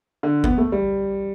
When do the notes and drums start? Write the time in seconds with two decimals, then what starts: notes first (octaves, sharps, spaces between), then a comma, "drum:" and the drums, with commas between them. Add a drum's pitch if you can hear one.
0.23 D3
0.44 B3, drum: kick G1
0.58 A3
0.72 G3